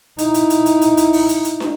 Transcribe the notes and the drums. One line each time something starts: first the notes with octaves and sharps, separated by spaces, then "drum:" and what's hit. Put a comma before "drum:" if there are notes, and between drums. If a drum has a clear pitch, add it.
D#4 E4, drum: hi-hat
drum: hi-hat
drum: hi-hat
drum: hi-hat
drum: hi-hat
drum: hi-hat
drum: open hi-hat
drum: hi-hat
drum: hi-hat
drum: snare